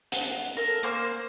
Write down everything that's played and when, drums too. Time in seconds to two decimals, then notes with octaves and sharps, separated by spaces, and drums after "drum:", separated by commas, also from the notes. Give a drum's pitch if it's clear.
0.12 F#5, drum: hi-hat
0.57 A4 A#4
0.83 A#3 C5 C#6 F6